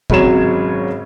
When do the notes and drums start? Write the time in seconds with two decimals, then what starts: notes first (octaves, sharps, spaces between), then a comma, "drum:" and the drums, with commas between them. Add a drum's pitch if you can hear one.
0.10 G#1 C#3 F#3 C#5 E7, drum: kick